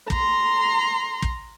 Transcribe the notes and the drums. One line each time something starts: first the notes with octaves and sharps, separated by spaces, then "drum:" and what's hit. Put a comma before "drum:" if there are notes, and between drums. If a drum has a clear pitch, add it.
A#5 C6, drum: kick
drum: kick